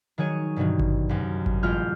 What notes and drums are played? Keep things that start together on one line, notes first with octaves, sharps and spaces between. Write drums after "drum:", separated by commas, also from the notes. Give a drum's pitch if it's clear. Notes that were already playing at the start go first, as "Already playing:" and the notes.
D#3 F#3 G#4 C#5 D#7
G2 B2 D3 D#3 F#3
drum: kick G#1
C2 F#2
drum: kick G#1
A1 G#3 F4 F6 G6